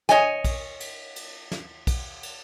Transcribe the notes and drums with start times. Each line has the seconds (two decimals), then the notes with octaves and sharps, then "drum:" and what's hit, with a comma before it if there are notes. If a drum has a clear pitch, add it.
0.09 C#5 D#5 G#5, drum: snare
0.45 drum: kick, cymbal
0.80 drum: cymbal
1.16 drum: cymbal
1.52 drum: snare
1.87 drum: kick, cymbal
2.23 drum: cymbal